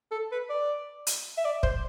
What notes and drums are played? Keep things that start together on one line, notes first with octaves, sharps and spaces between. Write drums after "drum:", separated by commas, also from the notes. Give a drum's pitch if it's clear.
A4
B4
D5
drum: hi-hat
E5
D5
C5, drum: kick